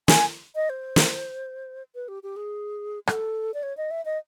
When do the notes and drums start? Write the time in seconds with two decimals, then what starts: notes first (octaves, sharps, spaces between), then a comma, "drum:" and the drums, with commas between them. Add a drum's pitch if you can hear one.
0.08 G#5, drum: snare
0.55 D#5
0.70 C5
0.96 drum: snare
1.95 B4
2.08 G4
2.23 G4
2.36 G#4
3.07 A4, drum: rim click
3.54 D5
3.63 C#5
3.77 D#5
3.91 E5
4.05 D#5